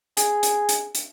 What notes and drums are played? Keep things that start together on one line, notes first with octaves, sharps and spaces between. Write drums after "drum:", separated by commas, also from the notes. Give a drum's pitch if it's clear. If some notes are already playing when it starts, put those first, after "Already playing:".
G#4, drum: hi-hat
drum: hi-hat
drum: hi-hat
drum: hi-hat